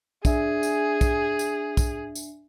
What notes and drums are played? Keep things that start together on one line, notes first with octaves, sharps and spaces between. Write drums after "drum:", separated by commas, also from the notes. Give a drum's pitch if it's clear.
D4 G#4 E5 G#5, drum: kick, tambourine
drum: tambourine
drum: kick, tambourine
drum: tambourine
drum: kick, tambourine
drum: tambourine